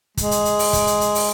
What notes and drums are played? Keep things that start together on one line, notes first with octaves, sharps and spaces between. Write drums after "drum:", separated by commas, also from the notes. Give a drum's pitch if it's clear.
G#3, drum: kick, hi-hat
drum: hi-hat
drum: hi-hat
drum: open hi-hat
drum: kick, hi-hat
drum: hi-hat
drum: hi-hat
drum: open hi-hat